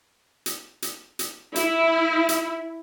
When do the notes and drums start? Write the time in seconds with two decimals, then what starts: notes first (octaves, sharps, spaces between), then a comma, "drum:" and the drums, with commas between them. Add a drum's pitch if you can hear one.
0.46 drum: hi-hat
0.82 drum: hi-hat
1.19 drum: hi-hat
1.56 E4, drum: hi-hat
2.29 drum: hi-hat